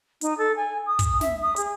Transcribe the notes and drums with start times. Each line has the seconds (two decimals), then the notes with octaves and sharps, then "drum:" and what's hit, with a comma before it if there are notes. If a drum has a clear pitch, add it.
0.21 D#4, drum: hi-hat
0.37 A4
0.56 G#5
0.86 D#6
0.99 drum: kick, hi-hat
1.21 E5, drum: snare
1.41 D#6
1.56 G#4, drum: hi-hat